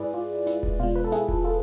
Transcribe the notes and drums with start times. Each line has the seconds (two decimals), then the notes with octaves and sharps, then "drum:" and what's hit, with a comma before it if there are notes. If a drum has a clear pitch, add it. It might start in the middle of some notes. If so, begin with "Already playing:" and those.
Already playing: G#2 G#3 E4 G#4 B4 D5
0.14 F4
0.47 E4, drum: hi-hat
0.63 drum: kick E1
0.79 B2 G#3 F4
0.95 B4
1.04 A4
1.12 E4 G#4, drum: hi-hat
1.28 drum: kick E1
1.44 F4 A4